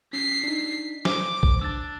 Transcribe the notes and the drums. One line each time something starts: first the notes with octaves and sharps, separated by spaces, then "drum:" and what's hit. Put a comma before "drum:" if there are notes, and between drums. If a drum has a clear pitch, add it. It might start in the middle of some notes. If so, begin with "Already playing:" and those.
C#4 B6 C7
D4 D#4
C5 D6, drum: snare
drum: kick A#1
D4 E6 A6